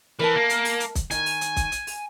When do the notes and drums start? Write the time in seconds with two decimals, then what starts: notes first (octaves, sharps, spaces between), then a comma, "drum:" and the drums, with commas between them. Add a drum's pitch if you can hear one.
0.19 E3 A#4 E5 A5
0.35 A#3
0.50 drum: hi-hat
0.65 drum: open hi-hat
0.80 drum: hi-hat
0.95 drum: kick, hi-hat
1.11 D#3 G#5, drum: hi-hat
1.26 drum: open hi-hat
1.41 drum: hi-hat
1.56 drum: kick, hi-hat
1.72 drum: hi-hat
1.87 drum: open hi-hat